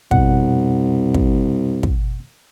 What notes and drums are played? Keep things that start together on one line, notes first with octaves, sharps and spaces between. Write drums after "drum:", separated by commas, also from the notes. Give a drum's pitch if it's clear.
C2 F2 B2 F#5, drum: kick
drum: kick
drum: kick